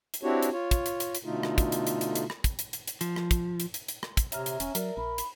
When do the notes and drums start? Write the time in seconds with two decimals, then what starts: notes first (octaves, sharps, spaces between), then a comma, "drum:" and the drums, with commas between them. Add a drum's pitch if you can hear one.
0.14 drum: hi-hat
0.23 C4 D4 E4 F#4 G4 C#5
0.42 drum: hi-hat
0.52 F4 C#5
0.71 drum: kick, hi-hat
0.86 drum: hi-hat
1.00 drum: hi-hat
1.15 drum: hi-hat
1.25 B2 D3 A3 D#4 F4
1.43 drum: rim click
1.58 drum: kick, hi-hat
1.72 drum: hi-hat
1.87 drum: hi-hat
2.01 drum: hi-hat
2.15 drum: hi-hat
2.30 drum: rim click
2.44 drum: kick, hi-hat
2.59 drum: hi-hat
2.73 drum: hi-hat
2.88 drum: hi-hat
3.01 F3, drum: hi-hat
3.16 drum: rim click
3.31 drum: kick, hi-hat
3.60 drum: hi-hat
3.74 drum: hi-hat
3.88 drum: hi-hat
4.03 drum: rim click
4.17 drum: kick, hi-hat
4.32 C3 C#5 E5 A#5 F6, drum: hi-hat
4.46 drum: hi-hat
4.60 E1 C#4, drum: hi-hat
4.75 F#3 A#4 D5, drum: hi-hat
4.97 A#1 B5
5.18 drum: hi-hat